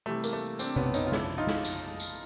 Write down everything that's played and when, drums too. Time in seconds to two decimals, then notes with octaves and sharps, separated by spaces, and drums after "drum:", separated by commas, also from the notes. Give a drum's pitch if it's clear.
0.06 C3 E3 G3 A3
0.24 A#3, drum: tambourine
0.33 A3
0.59 C4 D4, drum: tambourine
0.76 B3 C#4, drum: tom C3
0.94 C#4 D#4, drum: tambourine
1.06 F4
1.12 C#3 F3 D4 E4, drum: snare
1.38 D#4 F4
1.47 drum: snare
1.65 drum: tambourine
2.00 drum: tambourine